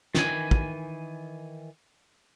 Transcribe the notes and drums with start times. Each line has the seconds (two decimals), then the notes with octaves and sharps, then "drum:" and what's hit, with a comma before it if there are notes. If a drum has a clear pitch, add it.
0.15 D#3 E3 G#5, drum: snare
0.51 drum: kick